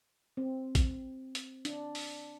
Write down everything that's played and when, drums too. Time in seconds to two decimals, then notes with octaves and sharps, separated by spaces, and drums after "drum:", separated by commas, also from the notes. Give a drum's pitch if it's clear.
0.37 C4
0.75 drum: kick A1, hi-hat
1.35 drum: hi-hat
1.65 D4, drum: hi-hat
1.95 drum: open hi-hat